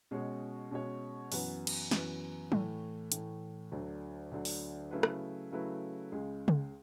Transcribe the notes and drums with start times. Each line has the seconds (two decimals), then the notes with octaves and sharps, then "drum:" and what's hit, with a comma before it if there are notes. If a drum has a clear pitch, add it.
0.11 B2 G#3 C#4 F#4 C#5
0.71 B2 G#3 C#4 F#4 C#5
1.32 F#2 E3 B3 F#4 B4, drum: open hi-hat
1.67 drum: cymbal
1.91 F#2 E3 B3 F#4 B4, drum: snare
2.52 A2 E3 A3, drum: tom F#3
3.12 A2 E3 A3, drum: hi-hat
3.72 D2 D3 F#3
4.31 D2 D3 F#3
4.45 drum: open hi-hat
4.91 C#3 F#3 A3 E4 B4
5.03 drum: rim click
5.52 C#3 F#3 A3 E4 B4
6.12 C#2 C#3 G#3
6.48 drum: tom C#3